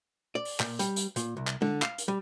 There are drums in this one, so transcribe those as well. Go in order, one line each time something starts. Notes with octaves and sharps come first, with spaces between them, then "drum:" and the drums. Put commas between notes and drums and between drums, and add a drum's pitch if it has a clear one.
D5
drum: open hi-hat
A#2, drum: clap
G3, drum: hi-hat
drum: hi-hat
A#2, drum: hi-hat
C2
drum: clap
D3, drum: tom G#3
F5, drum: clap
drum: hi-hat
G3